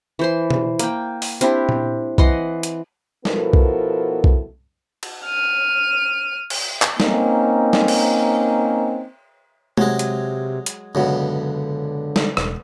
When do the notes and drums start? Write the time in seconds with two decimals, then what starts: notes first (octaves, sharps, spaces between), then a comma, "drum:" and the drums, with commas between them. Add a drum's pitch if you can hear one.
0.19 E3 C5 C6
0.50 drum: tom B2
0.79 A#3 G5, drum: hi-hat
1.22 drum: open hi-hat
1.41 C4 D4 E4 G4, drum: hi-hat
1.69 drum: tom A#2
2.18 E3 D#5 F#5 C6, drum: kick B1
2.63 drum: hi-hat
3.25 B2 F3 B3 E4 A4 A#4, drum: snare
3.53 drum: kick B1
4.24 drum: kick B1
5.03 drum: cymbal
5.25 F6 D#7
6.50 drum: cymbal
6.82 drum: clap
7.00 A#3 C4 C#4 D#4, drum: snare
7.73 drum: snare
7.88 drum: cymbal
9.78 C3 F#3 G#3, drum: tom G#3
9.99 drum: hi-hat
10.66 drum: hi-hat
10.95 C#2 F#2 B2 D3
12.16 drum: snare
12.37 E1, drum: rim click